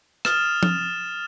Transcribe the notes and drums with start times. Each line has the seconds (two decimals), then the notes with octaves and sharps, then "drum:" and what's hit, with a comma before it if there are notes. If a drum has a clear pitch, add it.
0.25 D#6 F6 A6 E7, drum: rim click
0.63 drum: tom F3